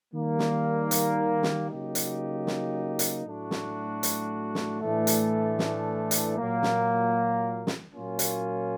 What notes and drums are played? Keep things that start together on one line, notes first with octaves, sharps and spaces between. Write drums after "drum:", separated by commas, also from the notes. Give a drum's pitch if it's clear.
D#3 G3 A#3
drum: snare
drum: hi-hat
drum: snare
C#3 F#3 A#3 D#4 G4
drum: hi-hat
drum: snare
drum: hi-hat
A2 F#3 A3 D4 F#4
drum: snare
drum: hi-hat
drum: snare
A2 E3 A3 D4
drum: hi-hat
drum: snare
drum: hi-hat
A#2 F#3 A#3
drum: snare
drum: snare
A#2 F#3 A#3 C#4 F4
drum: hi-hat